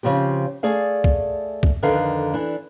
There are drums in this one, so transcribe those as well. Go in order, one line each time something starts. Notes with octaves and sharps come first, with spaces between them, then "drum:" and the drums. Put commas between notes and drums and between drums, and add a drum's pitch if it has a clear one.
C#3 F3 C4 G4
A3 G#4 D5 F5
drum: kick
drum: kick
F2 D3 D#3 B4 F5
E3 D4